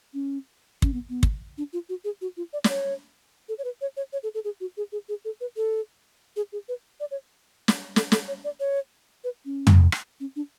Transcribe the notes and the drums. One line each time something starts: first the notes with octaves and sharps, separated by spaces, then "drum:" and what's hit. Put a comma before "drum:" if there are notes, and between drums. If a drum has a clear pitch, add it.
C#4
C#4, drum: kick
B3
B3
drum: kick
D4
F4
F#4
G#4
F#4
F4
D5
D5, drum: snare
C#5
A4
C#5
B4
C#5
C#5
C#5
A4
A4
G#4
F#4
G#4
G#4
G#4
A4
B4
A4
G#4
G#4
B4
D5
C#5
drum: snare
A4, drum: snare
A4, drum: snare
C#5
D5
C#5
B4
C#4
drum: tom
drum: rim click
C#4
D4